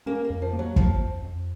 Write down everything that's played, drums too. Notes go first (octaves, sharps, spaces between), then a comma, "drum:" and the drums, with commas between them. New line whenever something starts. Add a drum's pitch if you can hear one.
A#3 C#4
A#3
F2
F3
A#3
F#3
F2 F3, drum: kick
F2
F2